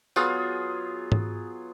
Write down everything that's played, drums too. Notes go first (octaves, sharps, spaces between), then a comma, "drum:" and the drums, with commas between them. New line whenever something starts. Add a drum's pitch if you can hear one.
F#3 B3 F4 G#4, drum: tambourine
drum: tom G#2